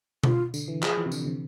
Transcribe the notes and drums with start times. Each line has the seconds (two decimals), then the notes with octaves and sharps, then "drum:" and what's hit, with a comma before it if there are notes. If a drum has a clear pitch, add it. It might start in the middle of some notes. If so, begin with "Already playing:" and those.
0.23 D3 F4, drum: tom B2
0.54 D3, drum: tambourine
0.68 E3
0.83 F3 G#4, drum: clap
0.98 E3
1.06 C3
1.12 D3, drum: tambourine
1.26 C3